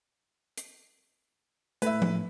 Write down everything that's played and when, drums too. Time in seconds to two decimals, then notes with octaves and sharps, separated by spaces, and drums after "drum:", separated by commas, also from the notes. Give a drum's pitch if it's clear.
0.58 drum: hi-hat
1.82 A2 B4 E5, drum: hi-hat
2.02 drum: tom F3